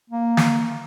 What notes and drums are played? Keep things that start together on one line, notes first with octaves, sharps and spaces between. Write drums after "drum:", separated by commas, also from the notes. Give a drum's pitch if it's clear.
A#3
drum: snare